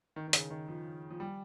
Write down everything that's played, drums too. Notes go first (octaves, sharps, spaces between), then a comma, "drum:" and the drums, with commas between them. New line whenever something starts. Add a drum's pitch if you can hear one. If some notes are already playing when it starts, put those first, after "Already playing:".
D#3
D#3
C#3, drum: hi-hat
D#3
F3
F3
G3